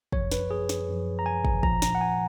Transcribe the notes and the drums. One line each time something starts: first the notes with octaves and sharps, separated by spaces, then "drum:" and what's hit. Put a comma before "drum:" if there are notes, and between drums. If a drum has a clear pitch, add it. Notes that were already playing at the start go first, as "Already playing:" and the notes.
F#2 F3 C#5, drum: kick
B4, drum: snare
G#4
drum: snare
F#2 F3
A#5
G#5
drum: kick
A#2 F3 A#5, drum: kick
A#5, drum: snare
F#5
G#5